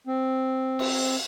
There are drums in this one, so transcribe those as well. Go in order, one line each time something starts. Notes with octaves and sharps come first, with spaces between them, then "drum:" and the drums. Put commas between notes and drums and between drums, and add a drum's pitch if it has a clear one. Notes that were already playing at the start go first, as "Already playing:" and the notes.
C4
drum: cymbal